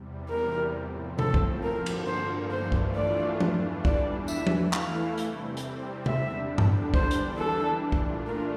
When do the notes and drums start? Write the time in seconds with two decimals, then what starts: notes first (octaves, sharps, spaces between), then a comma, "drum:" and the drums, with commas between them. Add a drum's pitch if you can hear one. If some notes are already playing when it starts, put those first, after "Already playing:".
Already playing: E2 C3 G3
0.29 A#4
0.74 A2 F3 C4
1.19 A4, drum: tom C3
1.34 drum: kick
1.62 G2 D3 F3 A#3 A#4
1.86 drum: cymbal
2.07 C5
2.51 G2 E3 A3 D4 F4 C5
2.72 drum: kick
2.95 D5
3.40 E2 E3 G3 D4, drum: tom F3
3.85 D5, drum: kick
4.28 E3 A3 E4 E5, drum: tambourine
4.47 drum: tom F3
4.73 F5, drum: clap
5.18 C3 G3 C4, drum: hi-hat
5.57 drum: hi-hat
6.06 E2 D3 G3 D4 E5, drum: tom C3
6.58 drum: tom G2
6.94 E3 G3 D4 C5, drum: kick
7.11 drum: hi-hat
7.38 A4
7.82 A#2 A3 D4 F4
7.92 drum: kick
8.27 A#4